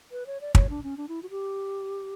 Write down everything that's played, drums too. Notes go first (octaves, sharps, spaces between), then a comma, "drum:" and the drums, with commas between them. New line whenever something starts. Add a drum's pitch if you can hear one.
B4
C#5
D5
C#5, drum: kick
D4
C#4
D4
E4
F#4
G4